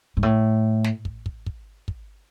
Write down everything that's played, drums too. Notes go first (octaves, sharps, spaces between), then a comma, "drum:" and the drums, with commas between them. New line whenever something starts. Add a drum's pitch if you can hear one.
G#2
A2, drum: kick
drum: snare
drum: kick
drum: kick
drum: kick
drum: kick